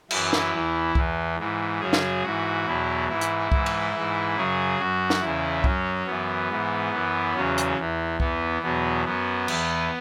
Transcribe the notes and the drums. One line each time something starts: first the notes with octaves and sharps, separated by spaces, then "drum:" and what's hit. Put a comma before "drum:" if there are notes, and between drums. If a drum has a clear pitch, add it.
F#2 E3 E4, drum: cymbal
drum: snare
E2 E3
E2 E3, drum: kick C2
G#2 E3
F#2 C#3 F#3 G#4
drum: snare
G#2 E3 F#4
E2 B2 F#3 E4
G#2 E3 E4
drum: hi-hat
G#2 E3, drum: kick C2
drum: cymbal
G#2 E3
F#2 C#3 F#3 G#4
F#2 F#3 F#4
drum: snare
E2 C#3 E3 E4
F#2 F#3 C#4, drum: kick C2
F#2 E3 B3
G#2 E3
F#2 E3
E2 C#3 F#3 C#4
drum: hi-hat
E2 E3
E2 E3 B3, drum: kick C2
E2 B2 F#3 B3
F#2 F#3 B3
E2 E3, drum: cymbal